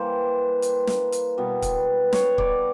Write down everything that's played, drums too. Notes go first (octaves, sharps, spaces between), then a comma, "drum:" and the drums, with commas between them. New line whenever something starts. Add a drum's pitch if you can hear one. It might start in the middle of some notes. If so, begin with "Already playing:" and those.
Already playing: E3 G3 A#3 C5
drum: hi-hat
drum: snare
drum: hi-hat
B2 G3 B3
drum: kick C#1, hi-hat
C#5, drum: snare
D5, drum: kick C#1